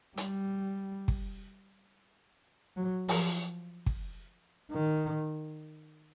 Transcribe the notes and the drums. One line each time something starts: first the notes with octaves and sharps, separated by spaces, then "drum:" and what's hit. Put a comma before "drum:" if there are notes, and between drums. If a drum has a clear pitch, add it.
G3, drum: hi-hat
drum: kick
F#3
F3, drum: open hi-hat
drum: kick
D#3